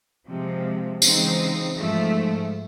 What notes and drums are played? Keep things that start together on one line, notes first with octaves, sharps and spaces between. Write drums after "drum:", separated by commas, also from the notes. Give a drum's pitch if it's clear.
C3 F3 G#3
C#3 E3 G#3 C4 D#4, drum: tambourine
G#2 F3 A3